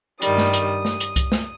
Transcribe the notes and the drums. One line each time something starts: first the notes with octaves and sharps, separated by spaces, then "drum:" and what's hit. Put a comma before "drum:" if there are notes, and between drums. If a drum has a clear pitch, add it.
G2 D#3 G3 D#6, drum: hi-hat
drum: snare
drum: hi-hat
drum: snare
drum: hi-hat
drum: kick C2, hi-hat
drum: snare